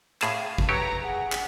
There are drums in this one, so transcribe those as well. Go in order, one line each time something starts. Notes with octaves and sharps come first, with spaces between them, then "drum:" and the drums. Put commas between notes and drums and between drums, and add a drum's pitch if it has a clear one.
A2 G#4 F5 A5, drum: clap
drum: kick
F#3 G4 B4 C#5 A#5
G#4 F#5
drum: clap